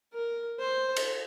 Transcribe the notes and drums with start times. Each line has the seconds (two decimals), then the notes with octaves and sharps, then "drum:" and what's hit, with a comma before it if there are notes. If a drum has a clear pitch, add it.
0.13 A#4
0.59 C5
0.97 drum: cymbal